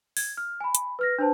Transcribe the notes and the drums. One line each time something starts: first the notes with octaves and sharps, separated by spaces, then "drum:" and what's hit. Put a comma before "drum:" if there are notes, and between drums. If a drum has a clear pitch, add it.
G#6, drum: open hi-hat
F6
G#5 B5
drum: hi-hat
B4 F6 A#6
D4 B4 C5 A5